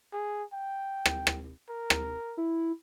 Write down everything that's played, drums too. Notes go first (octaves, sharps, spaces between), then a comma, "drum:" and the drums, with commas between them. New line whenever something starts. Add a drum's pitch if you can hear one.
G#4
G5
drum: rim click
drum: rim click
A#4
drum: rim click
E4